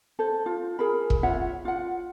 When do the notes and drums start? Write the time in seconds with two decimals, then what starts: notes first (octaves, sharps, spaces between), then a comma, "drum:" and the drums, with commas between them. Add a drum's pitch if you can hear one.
0.19 A4 C5
0.46 F4
0.79 G#4 A#4 B5
1.10 drum: kick
1.23 F4 C#5 E5 F#5
1.65 F4 F#5